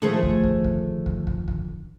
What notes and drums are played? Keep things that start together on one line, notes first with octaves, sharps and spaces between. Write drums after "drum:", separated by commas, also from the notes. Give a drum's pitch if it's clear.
D3 D#3 F3 A3 G#4 C5
drum: kick
drum: kick
drum: kick
drum: kick
drum: kick
drum: kick